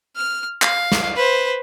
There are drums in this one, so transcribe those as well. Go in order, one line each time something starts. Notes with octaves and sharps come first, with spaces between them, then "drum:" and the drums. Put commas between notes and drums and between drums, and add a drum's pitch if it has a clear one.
F6
F5, drum: clap
drum: snare
B4 C5